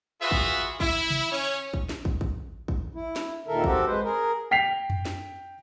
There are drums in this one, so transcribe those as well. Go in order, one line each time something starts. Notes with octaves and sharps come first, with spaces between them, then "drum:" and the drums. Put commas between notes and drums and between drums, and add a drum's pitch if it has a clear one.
F4 F#4 G#4 B4 E5
drum: kick
E4, drum: kick
drum: tom C3
C#4 C#5
drum: kick
drum: snare
drum: kick
drum: kick
drum: kick
E4
drum: snare
D#2 A#2 D#3 A4 A#4 E5
C4 F#4 G4 A4, drum: kick
G#3 B4 C5
G#4 A#4
G5 B6 C7 F7
drum: tom F2
drum: snare